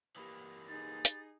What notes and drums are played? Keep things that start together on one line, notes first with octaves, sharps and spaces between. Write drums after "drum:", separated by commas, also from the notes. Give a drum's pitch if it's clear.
E3 A#3 G4 B5 D#6
D#4 G#4 A6
drum: hi-hat